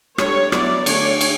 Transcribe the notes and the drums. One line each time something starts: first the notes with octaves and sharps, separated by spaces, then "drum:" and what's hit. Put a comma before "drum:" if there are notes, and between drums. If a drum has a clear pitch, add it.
D3 G3 D4 C#5, drum: rim click
F#3 B3 E4 D5, drum: rim click
D3 A3 D4 C#5, drum: cymbal
drum: cymbal